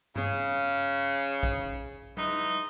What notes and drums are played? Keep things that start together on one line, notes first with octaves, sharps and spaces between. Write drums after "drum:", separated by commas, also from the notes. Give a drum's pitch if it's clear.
C#3, drum: tom G2
drum: kick A#1
E3 G#3 D#4, drum: tom